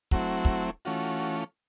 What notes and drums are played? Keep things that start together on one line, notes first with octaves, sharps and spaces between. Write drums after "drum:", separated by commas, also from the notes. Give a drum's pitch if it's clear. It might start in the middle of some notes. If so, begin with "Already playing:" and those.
F#3 A3 C4 E4 F#4, drum: kick
drum: kick
E3 A3 C#4 F4 F#4